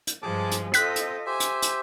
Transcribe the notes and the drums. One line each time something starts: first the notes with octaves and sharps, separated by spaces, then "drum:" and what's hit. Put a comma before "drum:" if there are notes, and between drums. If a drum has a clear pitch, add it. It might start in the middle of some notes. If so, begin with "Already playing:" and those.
drum: hi-hat
G2 F3 G#3 G#4 A5 D6
drum: hi-hat
C4 F4 A4 D#5 G5 F#6 B6, drum: hi-hat
drum: hi-hat
G4 C5 E5 G#5
drum: hi-hat
drum: hi-hat